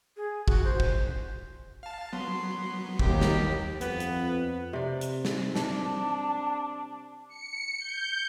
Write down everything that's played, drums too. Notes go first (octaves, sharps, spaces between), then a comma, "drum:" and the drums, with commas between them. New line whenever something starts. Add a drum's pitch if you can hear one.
G#4
F#4, drum: kick
C5
drum: kick
F5 A5
F#3 B3 C6
D#2 G4, drum: kick
drum: snare
F2 B3, drum: hi-hat
drum: hi-hat
C3 D5
drum: hi-hat
drum: snare
D4 A5, drum: snare
C#7
G6